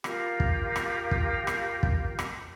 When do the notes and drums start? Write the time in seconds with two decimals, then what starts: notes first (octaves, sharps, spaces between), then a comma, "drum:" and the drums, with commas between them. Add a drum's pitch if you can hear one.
0.04 F4 G4 A#4, drum: rim click
0.40 drum: kick
0.76 drum: rim click
1.11 drum: kick
1.47 drum: rim click
1.83 drum: kick
2.19 drum: rim click